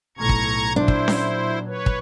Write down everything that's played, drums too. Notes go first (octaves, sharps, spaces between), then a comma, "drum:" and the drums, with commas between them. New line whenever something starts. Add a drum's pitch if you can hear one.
B1 A2 A#5 C#6 G#6
drum: kick
A#2 F#3 D4 E4 C5
drum: kick
drum: snare C#4
B4 C#5
drum: kick